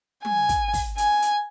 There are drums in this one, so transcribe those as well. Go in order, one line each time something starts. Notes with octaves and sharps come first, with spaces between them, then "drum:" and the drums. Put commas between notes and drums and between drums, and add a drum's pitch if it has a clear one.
G#5, drum: tom
drum: kick, hi-hat
drum: kick, open hi-hat
G#5, drum: hi-hat
drum: hi-hat